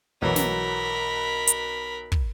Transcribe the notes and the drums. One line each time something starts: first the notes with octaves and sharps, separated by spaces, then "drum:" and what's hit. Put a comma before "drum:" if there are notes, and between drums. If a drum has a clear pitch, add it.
B1 E3 F#3 A#4 B5
drum: snare
drum: hi-hat
drum: kick